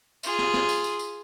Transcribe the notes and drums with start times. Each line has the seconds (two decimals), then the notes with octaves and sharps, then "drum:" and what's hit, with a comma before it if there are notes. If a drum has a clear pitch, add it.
0.23 F4 G#4, drum: tambourine
0.39 drum: snare
0.54 drum: snare
0.69 drum: tambourine
0.84 drum: tambourine
0.99 drum: tambourine